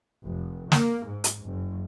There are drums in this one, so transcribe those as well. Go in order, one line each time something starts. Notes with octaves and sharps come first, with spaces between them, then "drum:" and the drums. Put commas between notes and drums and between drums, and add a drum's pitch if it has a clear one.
F1
A#3, drum: snare
G#2
drum: hi-hat
F#1